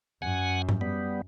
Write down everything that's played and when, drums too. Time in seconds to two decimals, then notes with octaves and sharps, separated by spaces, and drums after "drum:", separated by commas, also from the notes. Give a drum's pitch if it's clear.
0.22 F#2 F#5 G#5
0.69 drum: tom G#2
0.81 G3 B3